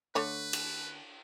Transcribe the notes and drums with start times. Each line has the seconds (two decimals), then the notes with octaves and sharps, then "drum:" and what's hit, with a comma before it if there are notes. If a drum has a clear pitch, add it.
0.15 D3 A3 B4 C#5
0.53 drum: cymbal